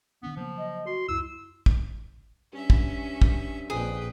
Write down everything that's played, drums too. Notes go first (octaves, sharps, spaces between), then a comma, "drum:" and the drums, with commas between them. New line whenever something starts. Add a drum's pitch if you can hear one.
D#3 B3 C4 D4
C#3 F3 F#3 A#3
D#5
F#4 C6
C#2 F#2 E4 E6
drum: kick
G2 C#4 E5
drum: kick
drum: kick
A#1 F2 A#2 G#4 B4 G5